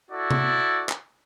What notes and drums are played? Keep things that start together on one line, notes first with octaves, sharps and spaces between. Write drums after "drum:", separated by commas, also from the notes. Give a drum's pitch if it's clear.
E4 F#4 A4 D5
drum: tom C3
drum: clap